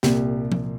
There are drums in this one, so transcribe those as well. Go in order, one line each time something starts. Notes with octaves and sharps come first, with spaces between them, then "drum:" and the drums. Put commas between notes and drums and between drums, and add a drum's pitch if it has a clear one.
C2 A#2 G4, drum: snare
drum: tom F3